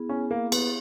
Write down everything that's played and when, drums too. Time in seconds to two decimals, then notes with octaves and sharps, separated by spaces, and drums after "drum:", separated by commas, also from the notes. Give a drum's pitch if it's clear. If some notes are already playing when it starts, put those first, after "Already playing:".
Already playing: B3 E4 G#4
0.09 C#4
0.31 A#3
0.52 B3, drum: cymbal